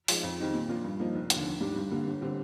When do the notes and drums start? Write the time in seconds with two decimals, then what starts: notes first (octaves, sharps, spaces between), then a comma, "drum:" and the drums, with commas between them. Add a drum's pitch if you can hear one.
0.08 F3 G#3 D#4, drum: open hi-hat
0.23 F2
0.39 D#3 G3 C4 D#4
0.54 A#2
0.69 F3 A#3 D4 F4
0.84 G2
0.99 F3 A#3 D#4
1.15 F1
1.30 D#2 D3, drum: hi-hat
1.46 A#1
1.61 G#2 G3 D4
1.76 G2
1.91 D3 G3 A#3
2.07 G1
2.21 D3 G3 C4